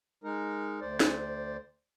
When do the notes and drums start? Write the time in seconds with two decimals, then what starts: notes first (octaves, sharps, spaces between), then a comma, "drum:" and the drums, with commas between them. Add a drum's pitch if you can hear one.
0.24 G#3 D#4 A#4
0.81 D2 C5 D5
1.00 drum: snare